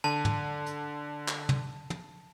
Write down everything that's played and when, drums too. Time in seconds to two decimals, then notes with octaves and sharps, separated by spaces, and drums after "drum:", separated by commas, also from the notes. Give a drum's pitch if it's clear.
0.04 D3 A5
0.25 drum: tom
0.66 drum: hi-hat
1.28 drum: clap
1.49 drum: tom
1.90 drum: tom